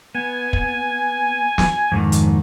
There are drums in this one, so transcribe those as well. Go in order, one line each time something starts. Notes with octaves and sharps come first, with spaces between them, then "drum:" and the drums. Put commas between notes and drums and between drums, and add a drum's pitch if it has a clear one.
B3 G#5
drum: kick
drum: snare
F2 G#2 D#3
drum: hi-hat